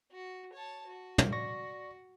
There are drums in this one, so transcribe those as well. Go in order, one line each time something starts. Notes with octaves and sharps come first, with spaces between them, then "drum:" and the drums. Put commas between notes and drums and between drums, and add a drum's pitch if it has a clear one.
F#4
C#5 A5
F#4
drum: tom
D5 C#6 A#6